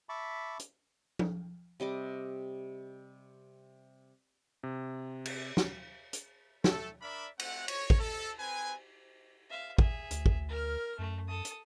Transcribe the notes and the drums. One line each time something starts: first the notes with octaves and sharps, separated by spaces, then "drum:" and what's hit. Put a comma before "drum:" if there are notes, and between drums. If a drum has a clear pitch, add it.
E5 A5 B5 C#6 D6
drum: hi-hat
drum: tom F3
C3 G3 D#5 D6
C3
drum: cymbal
drum: snare
drum: hi-hat
A3 A4, drum: snare
D4 A#4 D5 E5 B5
A3 C4 F#5, drum: cymbal
C#5, drum: cymbal
drum: kick
A4
C4 B4 G#5
E5 F5
G#4 E5, drum: kick
D2, drum: hi-hat
drum: kick
A#4 F6
F#2 A3
A4 D#6
drum: hi-hat